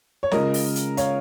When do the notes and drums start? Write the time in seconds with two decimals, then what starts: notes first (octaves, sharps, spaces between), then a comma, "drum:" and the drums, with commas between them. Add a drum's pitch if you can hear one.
0.23 C#5
0.31 C#3 G#3 F4 A#4 D#5, drum: snare
0.54 drum: open hi-hat
0.76 drum: hi-hat
0.97 C#5 F5, drum: hi-hat